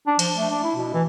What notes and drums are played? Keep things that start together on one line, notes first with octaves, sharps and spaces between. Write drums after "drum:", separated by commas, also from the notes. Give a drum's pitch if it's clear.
D4
F3, drum: cymbal
A3
D4
E4
B2
E3